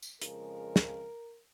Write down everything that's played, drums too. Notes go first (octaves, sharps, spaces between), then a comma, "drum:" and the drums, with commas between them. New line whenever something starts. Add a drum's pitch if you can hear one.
drum: tambourine
F2 C#3 F3 G#3 A#4, drum: hi-hat
drum: snare